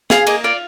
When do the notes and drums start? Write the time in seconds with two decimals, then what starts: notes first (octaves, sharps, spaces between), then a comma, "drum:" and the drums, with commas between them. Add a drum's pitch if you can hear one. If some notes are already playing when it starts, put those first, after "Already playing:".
0.10 G#4 F5, drum: snare
0.27 A#3 D#5, drum: cymbal
0.44 F4 D5